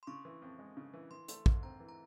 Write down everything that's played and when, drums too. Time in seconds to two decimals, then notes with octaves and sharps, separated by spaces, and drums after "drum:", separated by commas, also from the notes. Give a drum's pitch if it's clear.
0.03 C6
0.07 C#3 C#6
0.25 E3
0.42 F2
0.59 G#3
0.77 C#3
0.94 E3
1.11 E3 C6
1.28 A3 C6, drum: hi-hat
1.46 G#2, drum: kick
1.63 C4 A#5
1.80 E3
1.89 A#5